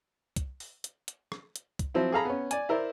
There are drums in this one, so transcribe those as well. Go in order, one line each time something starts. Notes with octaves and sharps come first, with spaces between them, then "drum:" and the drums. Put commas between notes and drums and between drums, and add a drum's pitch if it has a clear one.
drum: kick C2, hi-hat
drum: open hi-hat
drum: hi-hat
drum: hi-hat
drum: rim click
drum: hi-hat
drum: kick C2, hi-hat
F3 F#3 C4 E4
G#4 A4 F5 A#5 B5
B3 C#4
D5 G#5, drum: hi-hat
E4 A#4 C5 D5